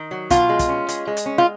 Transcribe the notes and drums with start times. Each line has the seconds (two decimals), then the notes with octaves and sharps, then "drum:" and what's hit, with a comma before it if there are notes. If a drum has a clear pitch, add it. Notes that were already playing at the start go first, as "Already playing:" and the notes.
Already playing: D#3
0.11 F#3
0.30 B2 F4, drum: kick, hi-hat
0.49 G#3
0.59 drum: kick, hi-hat
0.69 C#4
0.89 G#3, drum: hi-hat
1.07 G#3
1.17 drum: hi-hat
1.26 C#4
1.38 F4